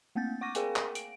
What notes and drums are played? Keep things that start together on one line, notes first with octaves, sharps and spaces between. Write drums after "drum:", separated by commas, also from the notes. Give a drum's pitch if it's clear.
A3 A#3 C4 G6 A6
F#5 C#6 D6 A#6 D#7
G#4 A#4 F5 G5 G#5, drum: hi-hat
drum: clap
D7, drum: hi-hat